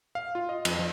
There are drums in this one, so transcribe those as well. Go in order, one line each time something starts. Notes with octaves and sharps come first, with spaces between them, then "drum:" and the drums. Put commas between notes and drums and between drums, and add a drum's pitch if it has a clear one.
F5
F4
D#5
F2, drum: cymbal
F3